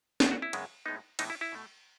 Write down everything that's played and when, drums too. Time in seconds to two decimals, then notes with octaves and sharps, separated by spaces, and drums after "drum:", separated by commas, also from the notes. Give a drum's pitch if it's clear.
0.20 E2 B2 G#3 B3, drum: snare
0.31 F#4
0.42 E4
0.53 F#2 C#3 G#3 B3, drum: cymbal
0.86 A2 G#3 B3 D#4
1.19 A2 E3 G#3 B3 D#4, drum: cymbal
1.30 E4
1.41 E4
1.52 B2 A3